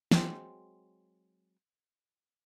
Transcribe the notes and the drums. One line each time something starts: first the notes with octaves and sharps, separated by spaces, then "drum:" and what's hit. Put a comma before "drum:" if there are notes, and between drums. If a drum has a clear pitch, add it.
F#3 G#3 C4, drum: snare